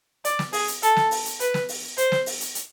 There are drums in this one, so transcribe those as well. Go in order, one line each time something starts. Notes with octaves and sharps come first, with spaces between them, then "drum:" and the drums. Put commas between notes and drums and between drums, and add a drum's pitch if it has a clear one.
D5, drum: hi-hat
drum: snare
G#4, drum: open hi-hat
drum: hi-hat
A4, drum: hi-hat
drum: snare
drum: open hi-hat
drum: hi-hat
B4, drum: hi-hat
drum: snare
drum: open hi-hat
C5, drum: hi-hat
drum: snare
drum: open hi-hat
drum: hi-hat
drum: hi-hat